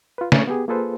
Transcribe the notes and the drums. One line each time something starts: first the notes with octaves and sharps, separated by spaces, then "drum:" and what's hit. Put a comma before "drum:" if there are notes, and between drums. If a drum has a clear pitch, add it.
F4 B4
A3 C#4 D4, drum: snare
B3 G4 G#4
A#3 F4 G#4 A4 B4 C5